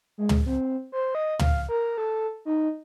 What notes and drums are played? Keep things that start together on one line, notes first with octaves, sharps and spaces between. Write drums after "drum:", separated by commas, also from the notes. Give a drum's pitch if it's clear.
G#3
drum: tom
C4
C5
D#5
F5, drum: tom
A#4
A4
D#4